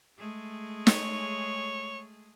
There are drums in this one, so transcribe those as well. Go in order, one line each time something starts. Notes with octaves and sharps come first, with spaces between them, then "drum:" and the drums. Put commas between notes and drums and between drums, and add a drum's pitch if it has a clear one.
G#3 A3 G#4
C#5, drum: snare